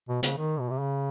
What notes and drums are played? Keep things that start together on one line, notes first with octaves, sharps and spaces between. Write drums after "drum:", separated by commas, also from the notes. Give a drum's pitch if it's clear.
B2
C#3, drum: hi-hat
D#3
B2
C3
C#3